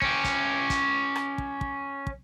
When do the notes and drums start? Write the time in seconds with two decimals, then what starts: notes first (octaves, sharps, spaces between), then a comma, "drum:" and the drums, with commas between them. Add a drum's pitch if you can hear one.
0.02 C#4 G4, drum: kick
0.24 drum: kick, hi-hat
0.70 drum: kick, hi-hat
1.15 drum: rim click
1.38 drum: kick
1.61 drum: kick
2.07 drum: kick